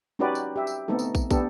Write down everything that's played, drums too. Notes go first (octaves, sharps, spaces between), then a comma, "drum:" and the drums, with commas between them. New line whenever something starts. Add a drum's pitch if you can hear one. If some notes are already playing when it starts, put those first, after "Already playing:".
C#4 D#4 F#4 G4 B4 D5
drum: tambourine
G4 E5
drum: tambourine
A3 B3 C4 D#4 A4
drum: tambourine
drum: kick, tambourine
B3 D4 G4 A4, drum: kick, tambourine